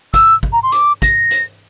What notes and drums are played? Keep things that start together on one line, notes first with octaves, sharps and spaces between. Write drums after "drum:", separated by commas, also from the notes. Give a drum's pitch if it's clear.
E6, drum: kick, hi-hat
drum: kick
A#5
C6
D6, drum: hi-hat
A#6, drum: kick, hi-hat
drum: hi-hat